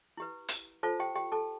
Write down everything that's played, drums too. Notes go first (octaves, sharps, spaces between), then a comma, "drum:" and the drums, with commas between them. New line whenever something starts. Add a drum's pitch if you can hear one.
E4 G4 B4
drum: hi-hat
F4 A4 C5 A5
G4 G5
G4 G5
A4 A5